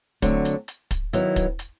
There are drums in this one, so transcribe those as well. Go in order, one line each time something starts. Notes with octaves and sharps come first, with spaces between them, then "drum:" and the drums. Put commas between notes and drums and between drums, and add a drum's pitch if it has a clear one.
D3 F#3 A3 C4, drum: kick, hi-hat
drum: hi-hat
drum: hi-hat
drum: kick, hi-hat
D#3 F#3 B3 E4, drum: hi-hat
drum: kick, hi-hat
drum: hi-hat